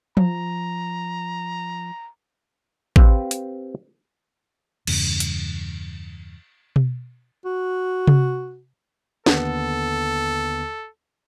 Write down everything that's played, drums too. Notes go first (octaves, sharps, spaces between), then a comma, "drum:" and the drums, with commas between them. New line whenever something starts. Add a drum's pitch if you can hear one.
F3 A#5, drum: tom F3
C4 G4 B4 F5, drum: kick A1
drum: hi-hat
E2 G2 C#3, drum: cymbal
drum: hi-hat
drum: tom B2
F#4
drum: tom C3
D#2 D3 B3 A4, drum: snare